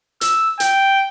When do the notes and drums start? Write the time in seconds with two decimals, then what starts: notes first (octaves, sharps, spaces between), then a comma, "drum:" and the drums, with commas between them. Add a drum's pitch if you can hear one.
0.21 E6, drum: hi-hat
0.60 G5, drum: hi-hat